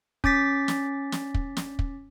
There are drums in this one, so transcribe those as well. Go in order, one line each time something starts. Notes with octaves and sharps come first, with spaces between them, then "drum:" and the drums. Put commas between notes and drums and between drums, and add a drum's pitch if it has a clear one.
C#4 D6 A6 B6, drum: kick
drum: snare
drum: snare
drum: kick
drum: snare
drum: kick